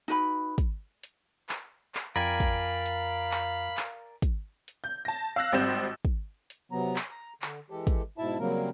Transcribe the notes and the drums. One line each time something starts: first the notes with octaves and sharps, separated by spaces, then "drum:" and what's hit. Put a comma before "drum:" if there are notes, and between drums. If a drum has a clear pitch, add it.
D#4 F#4 B4 B5
drum: kick, hi-hat
drum: hi-hat
drum: clap
drum: clap
F2 F4 A#4 D5 F5 G5 G#5 B5
drum: kick, hi-hat
drum: hi-hat
drum: clap
drum: clap
drum: kick, hi-hat
drum: hi-hat
G6
A5 A#6
F5 E6 F#6 A#6
G#1 G3 C4 G6 E7
drum: kick
drum: hi-hat
C3 F#3 B3 A#5
drum: clap
A#5
D3, drum: clap
E3 G#3 G4 A4
drum: kick, hi-hat
G#2 B2 E4 E5 A5
C#3 F#3 G3 A#3 C4 A#4